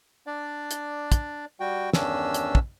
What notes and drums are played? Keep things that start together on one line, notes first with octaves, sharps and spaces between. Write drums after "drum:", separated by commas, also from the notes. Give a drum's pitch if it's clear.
D4 D5
drum: hi-hat
drum: kick, hi-hat
G3 F#4 G5
E2 G2 D#3 C#4 D4 E6, drum: snare
drum: hi-hat
drum: kick